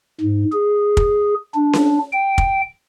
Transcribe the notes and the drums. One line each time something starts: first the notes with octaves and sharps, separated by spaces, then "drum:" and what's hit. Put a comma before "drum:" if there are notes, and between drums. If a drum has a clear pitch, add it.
G#2
G#4
drum: kick
D4
drum: snare C#4
G5
drum: kick